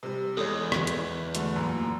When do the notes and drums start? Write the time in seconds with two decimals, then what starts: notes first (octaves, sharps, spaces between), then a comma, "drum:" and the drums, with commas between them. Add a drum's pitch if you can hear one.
0.03 C3 G3
0.37 E2 G#3 A4 C#5
0.72 drum: rim click
0.87 drum: hi-hat
1.35 D3 F#3 A3, drum: hi-hat
1.56 F#2 A#2